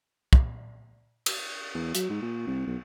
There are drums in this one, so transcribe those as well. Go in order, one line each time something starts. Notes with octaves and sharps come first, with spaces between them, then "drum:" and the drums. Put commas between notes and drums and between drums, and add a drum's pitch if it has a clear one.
drum: kick
drum: cymbal
E2
F#3, drum: hi-hat
G#2
A#2
C2
B1